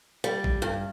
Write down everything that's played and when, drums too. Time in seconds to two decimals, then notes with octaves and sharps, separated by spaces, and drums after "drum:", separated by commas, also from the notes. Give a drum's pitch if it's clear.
0.24 G3
0.44 drum: kick G#1
0.62 G2